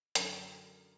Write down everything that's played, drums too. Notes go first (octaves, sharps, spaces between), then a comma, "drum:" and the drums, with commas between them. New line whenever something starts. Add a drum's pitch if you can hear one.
F#2 D3 A#4, drum: hi-hat